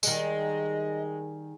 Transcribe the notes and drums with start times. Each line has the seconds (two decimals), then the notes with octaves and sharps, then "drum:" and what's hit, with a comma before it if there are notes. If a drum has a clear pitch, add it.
0.03 D#3 G3 G#3 D#5, drum: tambourine